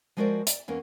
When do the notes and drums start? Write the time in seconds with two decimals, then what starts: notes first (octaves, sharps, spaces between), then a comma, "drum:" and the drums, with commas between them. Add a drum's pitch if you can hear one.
0.17 F3 G#3 F#4 A#4 C5 D5
0.47 D5, drum: hi-hat
0.68 E2 A#3 C#4 A#4